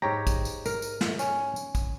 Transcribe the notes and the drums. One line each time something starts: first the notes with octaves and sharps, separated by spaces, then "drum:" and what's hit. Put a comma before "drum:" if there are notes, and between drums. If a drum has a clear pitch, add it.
G#2 G4 C#5 A#5
drum: kick, tambourine
drum: tambourine
A#4, drum: tambourine
drum: tambourine
drum: snare
C#4, drum: tambourine
drum: tambourine
drum: kick, tambourine